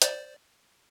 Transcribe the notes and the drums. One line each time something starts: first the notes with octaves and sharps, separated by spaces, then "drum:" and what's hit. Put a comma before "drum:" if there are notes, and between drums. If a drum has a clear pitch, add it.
C5 D5, drum: hi-hat